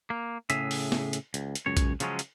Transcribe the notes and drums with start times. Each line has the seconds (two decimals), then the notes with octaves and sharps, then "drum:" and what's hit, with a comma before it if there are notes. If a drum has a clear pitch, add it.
0.10 A#3
0.50 A2 C#3 G#4 E5, drum: hi-hat
0.71 drum: open hi-hat
0.92 drum: snare
1.13 drum: hi-hat
1.34 C#2, drum: hi-hat
1.55 drum: hi-hat
1.66 C#2 F#2 C#5
1.77 drum: kick A#1, hi-hat
2.00 C#3 F3 F#3 G#3 C#4, drum: hi-hat
2.19 drum: hi-hat